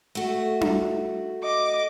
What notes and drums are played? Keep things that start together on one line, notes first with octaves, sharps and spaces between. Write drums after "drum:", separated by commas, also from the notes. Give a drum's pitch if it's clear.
A3 F#4
drum: tom D4
D#5 D6